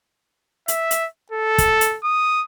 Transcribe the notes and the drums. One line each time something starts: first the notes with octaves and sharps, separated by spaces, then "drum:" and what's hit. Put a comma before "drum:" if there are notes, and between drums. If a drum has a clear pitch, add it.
E5, drum: hi-hat
drum: hi-hat
A4
drum: kick, hi-hat
drum: hi-hat
D#6